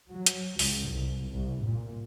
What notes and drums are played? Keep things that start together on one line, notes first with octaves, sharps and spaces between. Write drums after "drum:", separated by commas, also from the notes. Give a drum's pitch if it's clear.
F#3
drum: hi-hat
C#2, drum: open hi-hat
C2
C2
A#2